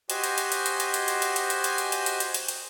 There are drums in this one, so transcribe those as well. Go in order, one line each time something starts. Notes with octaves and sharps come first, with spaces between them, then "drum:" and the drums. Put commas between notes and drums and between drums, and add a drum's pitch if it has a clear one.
F#4 G4 C5 D#5 G#5, drum: hi-hat
drum: hi-hat
drum: hi-hat
drum: hi-hat
drum: hi-hat
drum: hi-hat
drum: hi-hat
drum: hi-hat
drum: hi-hat
drum: hi-hat
drum: hi-hat
drum: hi-hat
drum: hi-hat
drum: hi-hat
drum: hi-hat
drum: hi-hat
drum: hi-hat
drum: hi-hat